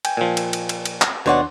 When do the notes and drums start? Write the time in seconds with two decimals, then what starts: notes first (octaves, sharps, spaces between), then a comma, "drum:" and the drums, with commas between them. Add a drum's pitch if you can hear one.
0.05 G5 G#5, drum: cymbal
0.17 A#2 F3
0.37 drum: cymbal
0.53 drum: cymbal
0.69 drum: cymbal
0.85 drum: cymbal
1.02 drum: clap
1.26 D#2 B2 D4 C#5 D5 F#5 C6